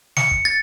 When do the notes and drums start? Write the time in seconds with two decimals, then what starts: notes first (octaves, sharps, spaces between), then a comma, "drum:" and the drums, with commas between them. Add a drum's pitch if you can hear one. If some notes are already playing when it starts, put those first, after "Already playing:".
0.17 C#7, drum: snare
0.31 drum: kick
0.45 A6